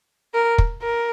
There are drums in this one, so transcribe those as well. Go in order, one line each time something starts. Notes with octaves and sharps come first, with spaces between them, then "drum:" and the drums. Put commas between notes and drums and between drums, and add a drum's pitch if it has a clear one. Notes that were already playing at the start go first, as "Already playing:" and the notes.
A#4
drum: kick
A#4